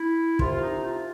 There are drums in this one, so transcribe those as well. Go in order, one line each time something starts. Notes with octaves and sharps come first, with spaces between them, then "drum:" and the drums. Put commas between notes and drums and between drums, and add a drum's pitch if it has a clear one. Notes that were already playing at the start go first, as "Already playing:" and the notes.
Already playing: E4
C2 C3 F3 F4, drum: kick
D#4
F4